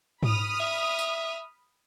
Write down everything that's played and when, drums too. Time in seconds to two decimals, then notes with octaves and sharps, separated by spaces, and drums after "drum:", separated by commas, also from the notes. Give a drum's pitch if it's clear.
0.23 B5 D#6 F6, drum: tom G#2
0.60 E5
0.99 drum: tambourine